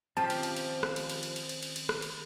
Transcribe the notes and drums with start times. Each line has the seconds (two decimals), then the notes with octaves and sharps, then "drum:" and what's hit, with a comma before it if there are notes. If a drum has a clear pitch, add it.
0.17 D#3 F3 C4 C#4 F4 G4 C5 A5
0.30 drum: cymbal
0.43 drum: cymbal
0.56 drum: cymbal
0.83 drum: rim click
0.96 drum: cymbal
1.10 drum: cymbal
1.23 drum: cymbal
1.36 drum: cymbal
1.49 drum: cymbal
1.63 drum: cymbal
1.76 drum: cymbal
1.89 drum: rim click
2.02 drum: cymbal